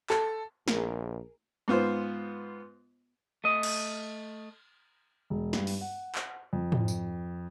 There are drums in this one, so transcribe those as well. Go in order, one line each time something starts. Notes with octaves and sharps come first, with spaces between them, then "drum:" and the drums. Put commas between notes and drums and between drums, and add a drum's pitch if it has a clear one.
A4, drum: clap
A#1 G#4 A#4, drum: snare
G#2 B3 F4 C5
A3 D#5
drum: cymbal
E1
G2, drum: snare
drum: open hi-hat
F#5
drum: clap
F2
drum: tom
drum: tambourine